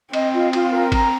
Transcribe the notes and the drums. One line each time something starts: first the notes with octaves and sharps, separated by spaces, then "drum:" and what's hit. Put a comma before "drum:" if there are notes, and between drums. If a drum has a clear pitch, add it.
C4 D#5, drum: cymbal
F4
F4, drum: cymbal
A#4
A#5, drum: kick G#1, cymbal